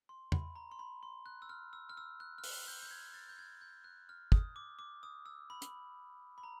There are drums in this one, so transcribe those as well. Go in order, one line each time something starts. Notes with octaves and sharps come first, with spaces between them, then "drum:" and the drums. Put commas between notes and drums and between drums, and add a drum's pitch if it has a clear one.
C6
B5, drum: tom
A#5
C6
B5
C6
F#6
E6
F6
E6
F6
E6
F#6
F6
F#6, drum: open hi-hat
G6
G6
G#6
A6
G6
G#6
G6
F#6
F6
D#6, drum: kick
D6
D6
D#6
E6
B5
drum: hi-hat
B5
A#5